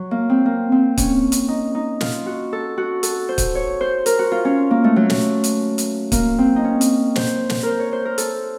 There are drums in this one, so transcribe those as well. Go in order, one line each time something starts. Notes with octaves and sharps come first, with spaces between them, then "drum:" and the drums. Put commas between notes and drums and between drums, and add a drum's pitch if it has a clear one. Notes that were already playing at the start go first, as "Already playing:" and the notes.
Already playing: F#3
A#3
C4
A#3
C4
C#4, drum: kick, hi-hat
drum: hi-hat
D#4
D#4
F4, drum: snare
F#4
A4
F#4
A4, drum: hi-hat
C5
drum: kick, hi-hat
C#5
C5
A#4, drum: hi-hat
F#4
F4
C#4
A#3
A3
F#3
A3, drum: snare
drum: hi-hat
drum: hi-hat
A#3, drum: kick, hi-hat
C4
D#4
C#4
drum: hi-hat
C5, drum: snare
drum: snare
A#4 C5
C#5
C5
A#4
A4, drum: hi-hat